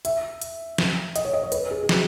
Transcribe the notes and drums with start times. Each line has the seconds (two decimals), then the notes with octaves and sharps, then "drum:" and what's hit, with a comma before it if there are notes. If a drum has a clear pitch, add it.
0.05 E5, drum: hi-hat
0.42 drum: hi-hat
0.78 drum: snare
1.16 D#5, drum: hi-hat
1.25 C#5
1.33 D#5
1.43 C#5
1.52 B4, drum: hi-hat
1.71 G#4
1.83 G#4
1.89 F#4, drum: snare